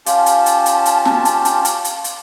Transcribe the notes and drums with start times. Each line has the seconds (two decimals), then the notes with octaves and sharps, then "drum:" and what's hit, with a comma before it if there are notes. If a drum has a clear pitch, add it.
0.06 C#4 F4 G4 F5 A5, drum: hi-hat
0.26 drum: hi-hat
0.46 drum: hi-hat
0.66 drum: hi-hat
0.86 drum: hi-hat
1.05 drum: snare
1.25 drum: hi-hat
1.45 drum: hi-hat
1.65 drum: hi-hat
1.85 drum: hi-hat
2.04 drum: hi-hat